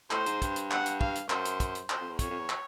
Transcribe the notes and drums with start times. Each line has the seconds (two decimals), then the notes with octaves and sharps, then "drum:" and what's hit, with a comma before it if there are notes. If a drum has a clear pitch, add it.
0.11 A2 C5, drum: clap
0.26 G#2, drum: hi-hat
0.42 G2, drum: kick, hi-hat
0.56 drum: hi-hat
0.71 F#5, drum: clap
0.86 drum: hi-hat
1.01 F5, drum: kick
1.15 drum: hi-hat
1.30 F#2 C5, drum: clap
1.45 drum: hi-hat
1.60 drum: kick, hi-hat
1.75 drum: hi-hat
1.90 C5, drum: clap
2.00 F2
2.10 E2
2.19 F2 C#5, drum: kick, hi-hat
2.30 F2
2.39 E2
2.49 drum: clap